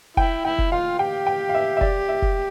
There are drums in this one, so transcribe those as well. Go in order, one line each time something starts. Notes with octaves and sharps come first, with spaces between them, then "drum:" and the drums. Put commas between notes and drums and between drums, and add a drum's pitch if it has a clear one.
E4 G5, drum: kick F1
E4 G5
drum: kick F1
F4 F5
G4 G5
G5
F5
E5
E5
D5, drum: kick F1
E5
drum: kick F1